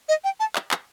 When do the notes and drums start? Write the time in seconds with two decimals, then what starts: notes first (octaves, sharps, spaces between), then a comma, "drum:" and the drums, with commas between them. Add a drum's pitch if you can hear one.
0.09 D#5
0.24 G5
0.40 A5
0.56 drum: clap
0.71 drum: clap